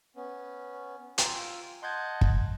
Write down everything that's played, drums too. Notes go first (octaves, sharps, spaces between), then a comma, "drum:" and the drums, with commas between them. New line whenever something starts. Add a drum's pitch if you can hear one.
B3 C#4
F4 G5 G#5 A#5 E6, drum: hi-hat
D#5 F#5 A5 C6 G6 G#6
drum: kick